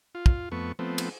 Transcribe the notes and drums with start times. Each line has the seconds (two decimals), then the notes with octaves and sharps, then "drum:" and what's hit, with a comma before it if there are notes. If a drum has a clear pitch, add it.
0.15 F4
0.26 drum: kick
0.52 F2 A3 B3 C#6
0.79 F3 A3 B3 C4
0.98 drum: cymbal